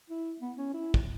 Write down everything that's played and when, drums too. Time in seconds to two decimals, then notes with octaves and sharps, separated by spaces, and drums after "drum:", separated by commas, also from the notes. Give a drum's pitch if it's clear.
0.10 E4
0.41 B3
0.58 C#4
0.74 E4
0.94 drum: kick